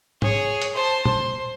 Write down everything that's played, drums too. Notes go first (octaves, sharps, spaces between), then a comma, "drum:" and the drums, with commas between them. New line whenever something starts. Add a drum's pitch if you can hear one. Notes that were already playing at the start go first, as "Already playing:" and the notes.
G#4 C#5, drum: tom
drum: hi-hat
C5 A5
C5, drum: tom A#2